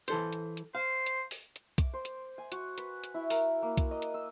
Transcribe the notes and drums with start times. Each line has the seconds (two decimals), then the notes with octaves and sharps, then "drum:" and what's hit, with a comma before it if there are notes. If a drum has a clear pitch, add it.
0.08 E3 A4 C5, drum: hi-hat
0.33 drum: hi-hat
0.57 drum: hi-hat
0.75 C5 F5
1.06 drum: hi-hat
1.31 drum: open hi-hat
1.56 drum: hi-hat
1.78 D6, drum: kick B1, hi-hat
1.94 C5
2.05 drum: hi-hat
2.38 G#5
2.52 F#4, drum: hi-hat
2.78 B4, drum: hi-hat
3.04 drum: hi-hat
3.14 E4
3.30 A#4, drum: open hi-hat
3.62 A#3
3.77 drum: kick B1, hi-hat
3.91 D#5
4.02 drum: hi-hat
4.14 E6